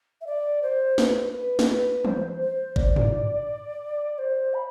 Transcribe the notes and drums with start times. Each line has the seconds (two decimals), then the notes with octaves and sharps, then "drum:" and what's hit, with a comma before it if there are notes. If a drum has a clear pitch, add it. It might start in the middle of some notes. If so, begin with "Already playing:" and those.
0.21 E5
0.27 D5
0.62 C5
0.98 B4, drum: snare
1.33 B4
1.59 drum: snare
1.69 B4
2.05 C5, drum: tom E3
2.41 C5
2.76 D5, drum: kick G#1
2.96 drum: tom
4.18 C5
4.54 B5